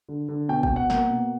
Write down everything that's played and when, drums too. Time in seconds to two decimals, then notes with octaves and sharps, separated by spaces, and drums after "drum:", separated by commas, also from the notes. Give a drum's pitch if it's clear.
0.09 D3
0.29 D3
0.49 B2 G5
0.63 G5, drum: kick
0.69 B2
0.76 F#5
0.90 A#3 F#5, drum: snare
1.10 B2